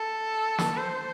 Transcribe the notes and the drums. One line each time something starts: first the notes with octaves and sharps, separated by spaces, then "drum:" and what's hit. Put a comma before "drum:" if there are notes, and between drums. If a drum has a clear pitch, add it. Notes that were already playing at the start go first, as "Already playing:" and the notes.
Already playing: A4
drum: snare
C5